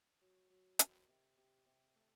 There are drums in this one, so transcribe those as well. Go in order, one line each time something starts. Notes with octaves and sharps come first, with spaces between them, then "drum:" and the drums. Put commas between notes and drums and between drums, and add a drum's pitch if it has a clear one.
F#3
F#3
D#3, drum: hi-hat
C3
C3
C3
A3